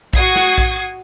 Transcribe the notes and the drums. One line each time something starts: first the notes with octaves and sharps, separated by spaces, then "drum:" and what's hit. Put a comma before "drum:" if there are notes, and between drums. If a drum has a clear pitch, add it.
F#4 D#6 G#6 C7, drum: kick A#1
drum: snare
drum: kick A#1